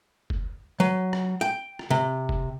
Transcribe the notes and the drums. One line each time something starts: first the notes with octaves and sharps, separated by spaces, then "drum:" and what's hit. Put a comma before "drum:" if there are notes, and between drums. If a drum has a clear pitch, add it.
drum: kick
F#3
drum: rim click
G5
drum: rim click
C3
drum: kick